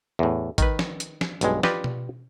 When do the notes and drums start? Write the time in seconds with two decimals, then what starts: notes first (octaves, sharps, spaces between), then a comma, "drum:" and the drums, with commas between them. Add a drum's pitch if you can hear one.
0.19 E2 A2
0.58 D#3 B4, drum: kick, hi-hat
0.79 drum: snare
1.00 drum: hi-hat
1.21 drum: snare
1.41 B1 G2 G#3, drum: hi-hat
1.63 F4 G4 B4 D5 D#5, drum: snare
1.84 drum: tom B2